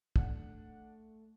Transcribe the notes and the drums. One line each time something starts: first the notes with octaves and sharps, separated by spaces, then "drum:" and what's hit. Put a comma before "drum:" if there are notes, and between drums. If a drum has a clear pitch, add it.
A3 D4 F#5, drum: kick